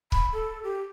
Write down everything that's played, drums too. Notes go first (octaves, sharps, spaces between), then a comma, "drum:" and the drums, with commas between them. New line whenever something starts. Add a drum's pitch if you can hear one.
B5, drum: kick C#1
A4
G4